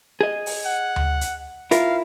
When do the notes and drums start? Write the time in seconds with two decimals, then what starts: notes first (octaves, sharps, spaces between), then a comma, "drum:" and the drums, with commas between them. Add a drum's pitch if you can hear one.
0.21 G#4 D#5
0.46 drum: open hi-hat
0.65 F#5
0.96 drum: tom D2
1.21 drum: hi-hat
1.71 E4 F4 A#4 F5, drum: hi-hat